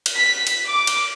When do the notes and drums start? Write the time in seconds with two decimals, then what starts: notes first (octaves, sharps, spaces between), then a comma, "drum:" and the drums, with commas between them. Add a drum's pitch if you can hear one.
0.06 drum: cymbal
0.16 B6
0.47 drum: cymbal
0.67 D6
0.87 drum: cymbal